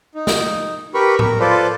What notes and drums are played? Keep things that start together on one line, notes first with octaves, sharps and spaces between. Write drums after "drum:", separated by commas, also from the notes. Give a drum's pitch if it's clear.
D#4
drum: snare
G4 A#4 B4 B5 C#6
A#4, drum: tom A2
F4 A4 B4 C5 D5